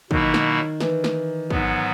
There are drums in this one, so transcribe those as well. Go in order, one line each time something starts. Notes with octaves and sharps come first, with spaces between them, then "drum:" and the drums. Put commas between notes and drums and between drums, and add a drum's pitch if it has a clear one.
B2 D#3 F#3 A#3 E4, drum: kick
drum: snare
E3, drum: snare
drum: snare
G#2 F#3 B3, drum: kick